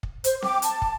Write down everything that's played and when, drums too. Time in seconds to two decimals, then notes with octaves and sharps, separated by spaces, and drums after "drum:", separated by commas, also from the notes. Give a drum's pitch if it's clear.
0.03 drum: kick
0.24 C5, drum: hi-hat
0.42 G5 D6, drum: snare C4
0.62 A5, drum: hi-hat
0.82 drum: kick